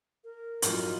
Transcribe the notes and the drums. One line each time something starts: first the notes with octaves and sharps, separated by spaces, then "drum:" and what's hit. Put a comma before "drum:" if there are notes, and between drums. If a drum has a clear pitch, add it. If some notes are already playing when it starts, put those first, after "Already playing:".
A#4
A#1 F2 A2 F#3 D#4 F4, drum: hi-hat